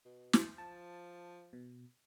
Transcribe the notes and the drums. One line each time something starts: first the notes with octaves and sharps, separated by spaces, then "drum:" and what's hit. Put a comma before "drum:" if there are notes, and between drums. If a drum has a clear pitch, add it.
B2
drum: snare
F3 A5
B2